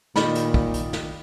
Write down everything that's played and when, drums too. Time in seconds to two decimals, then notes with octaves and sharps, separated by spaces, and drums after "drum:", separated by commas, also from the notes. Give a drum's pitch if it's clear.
0.16 A#2 D#3 D#4 D5 B5, drum: snare
0.35 drum: hi-hat
0.54 drum: kick
0.74 drum: hi-hat
0.93 drum: snare